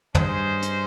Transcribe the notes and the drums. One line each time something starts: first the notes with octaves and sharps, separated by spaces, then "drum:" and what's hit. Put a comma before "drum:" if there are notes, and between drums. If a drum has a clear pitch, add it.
G2 C#4 G#4 C5 D#5, drum: tom
drum: hi-hat